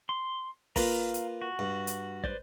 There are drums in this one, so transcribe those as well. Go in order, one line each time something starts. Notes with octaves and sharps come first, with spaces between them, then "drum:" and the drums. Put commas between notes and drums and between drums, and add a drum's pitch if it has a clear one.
C6
A#3 F4 B4 F5 A#5, drum: kick, open hi-hat
drum: hi-hat
F#4
G2
drum: hi-hat
B4 C5 D5, drum: kick